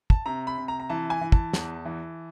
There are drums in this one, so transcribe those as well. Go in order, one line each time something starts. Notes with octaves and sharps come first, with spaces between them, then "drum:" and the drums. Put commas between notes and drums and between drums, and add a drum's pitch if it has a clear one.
A5, drum: kick
C3 A#5
B5
C3
A#5
A#5
E3 A5
G#5
E3
A5, drum: kick
E2, drum: snare
E3